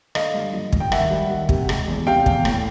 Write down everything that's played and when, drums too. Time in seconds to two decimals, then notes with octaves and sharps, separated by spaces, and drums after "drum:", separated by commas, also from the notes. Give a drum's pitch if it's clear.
0.15 D3 D#5 F5, drum: rim click
0.34 G2
0.53 F3
0.72 G2, drum: kick
0.80 G5
0.92 D#3 E5 F#5, drum: rim click
1.11 G3
1.30 D#3
1.49 C3, drum: kick
1.69 G#3, drum: rim click
1.88 E2
2.07 C3 F5 G5
2.26 E2, drum: kick
2.45 A2, drum: rim click